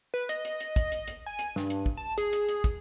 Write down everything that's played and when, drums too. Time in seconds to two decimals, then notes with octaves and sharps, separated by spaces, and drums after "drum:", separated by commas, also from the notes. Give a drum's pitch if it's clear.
0.14 B4
0.29 D#5, drum: hi-hat
0.45 drum: hi-hat
0.61 drum: hi-hat
0.76 drum: kick, hi-hat
0.92 drum: hi-hat
1.08 drum: hi-hat
1.26 G#5
1.39 drum: hi-hat
1.56 G2, drum: snare
1.70 drum: hi-hat
1.86 drum: kick
1.97 A5
2.18 G#4, drum: hi-hat
2.33 drum: hi-hat
2.48 drum: hi-hat
2.64 drum: kick, hi-hat